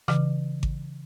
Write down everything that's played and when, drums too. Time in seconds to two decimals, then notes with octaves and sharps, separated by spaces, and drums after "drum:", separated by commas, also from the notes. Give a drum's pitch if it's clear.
0.08 C#3 E3, drum: rim click
0.63 drum: kick G#1